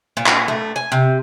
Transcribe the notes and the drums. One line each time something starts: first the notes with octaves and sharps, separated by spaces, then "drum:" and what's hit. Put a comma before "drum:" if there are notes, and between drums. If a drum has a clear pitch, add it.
A#2
drum: clap
A3
G#5
C3